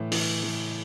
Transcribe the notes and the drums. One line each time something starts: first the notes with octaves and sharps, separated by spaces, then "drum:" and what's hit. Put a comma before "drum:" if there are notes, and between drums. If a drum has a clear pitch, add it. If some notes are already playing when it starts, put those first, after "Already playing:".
Already playing: A2 E3
E3, drum: open hi-hat
E3